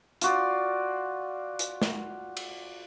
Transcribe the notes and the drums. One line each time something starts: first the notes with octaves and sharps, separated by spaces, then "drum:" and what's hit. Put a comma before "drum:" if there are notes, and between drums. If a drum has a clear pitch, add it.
F4 F#4 D5, drum: hi-hat
drum: hi-hat
drum: snare
drum: cymbal